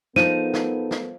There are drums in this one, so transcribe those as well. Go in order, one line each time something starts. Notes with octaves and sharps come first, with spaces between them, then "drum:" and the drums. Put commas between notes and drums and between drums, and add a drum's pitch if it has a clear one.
F3 B3 D#4 A4 A#4 D#7, drum: snare
drum: snare
drum: snare